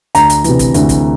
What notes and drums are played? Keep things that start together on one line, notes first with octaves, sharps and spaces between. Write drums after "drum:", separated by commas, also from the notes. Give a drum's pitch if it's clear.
D2 A#5, drum: hi-hat
drum: hi-hat
C3 E3, drum: hi-hat
drum: kick, hi-hat
D2, drum: hi-hat
drum: kick, hi-hat